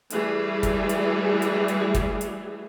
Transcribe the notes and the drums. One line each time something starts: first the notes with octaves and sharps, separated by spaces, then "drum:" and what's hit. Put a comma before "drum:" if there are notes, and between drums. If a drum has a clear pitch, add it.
E3 G3 A3 G#4, drum: hi-hat
drum: kick, hi-hat
drum: hi-hat
drum: hi-hat
drum: hi-hat
drum: kick, hi-hat
drum: hi-hat